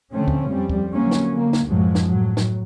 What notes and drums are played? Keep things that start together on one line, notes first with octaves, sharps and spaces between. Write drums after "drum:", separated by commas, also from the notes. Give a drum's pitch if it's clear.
D3 F3 A3 C4 C#4
drum: kick
F2 G3 C4
drum: kick
D3 F#3 A#3 C4 C#4
drum: snare
D3 A#3
drum: snare
C#2 F#2 A2 F3 F#3 G#3
drum: snare
A2 F#3
drum: snare